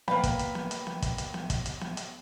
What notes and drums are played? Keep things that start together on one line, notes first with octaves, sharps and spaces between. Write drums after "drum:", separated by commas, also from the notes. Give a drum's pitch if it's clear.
A#3 B4 F#5 G5 B5, drum: snare B3
drum: kick, hi-hat
drum: hi-hat
drum: snare B3
drum: hi-hat
drum: snare B3
drum: kick, hi-hat
drum: hi-hat
drum: snare B3
drum: kick, hi-hat
drum: hi-hat
drum: snare B3
drum: hi-hat